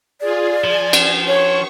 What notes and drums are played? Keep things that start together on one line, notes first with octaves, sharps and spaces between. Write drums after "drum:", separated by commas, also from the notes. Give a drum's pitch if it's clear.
F4 G#4 D5
F3 G#5
drum: cymbal
C#5 C#6